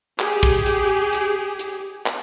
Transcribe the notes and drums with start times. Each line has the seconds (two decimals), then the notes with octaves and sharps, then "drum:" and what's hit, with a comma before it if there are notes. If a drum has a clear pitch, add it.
0.20 G4 G#4, drum: clap
0.43 drum: kick
0.66 drum: hi-hat
1.13 drum: hi-hat
1.59 drum: hi-hat
2.06 drum: clap